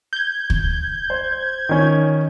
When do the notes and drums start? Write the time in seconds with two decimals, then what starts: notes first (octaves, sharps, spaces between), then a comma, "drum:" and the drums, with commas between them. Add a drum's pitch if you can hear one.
0.13 G6 G#6
0.50 drum: kick
1.10 C5
1.69 D#3 C#4